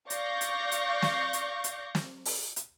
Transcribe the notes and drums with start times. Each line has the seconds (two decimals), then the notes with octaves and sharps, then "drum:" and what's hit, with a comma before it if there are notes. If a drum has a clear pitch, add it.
0.10 D5 F5 C#6 G6 A#6, drum: hi-hat
0.41 drum: hi-hat
0.72 drum: hi-hat
1.02 drum: snare
1.33 drum: hi-hat
1.64 drum: hi-hat
1.95 drum: snare
2.25 drum: open hi-hat
2.56 drum: hi-hat